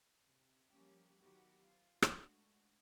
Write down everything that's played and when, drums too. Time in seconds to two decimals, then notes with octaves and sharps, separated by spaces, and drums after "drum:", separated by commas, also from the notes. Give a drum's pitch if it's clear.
0.24 C3
0.70 F3 G3 A#3 C#4 G4
1.19 D#3 F#3 B3 F#4 G4 C#5
1.64 F4 C5
2.02 drum: rim click
2.16 G#3 A3 D4 F#4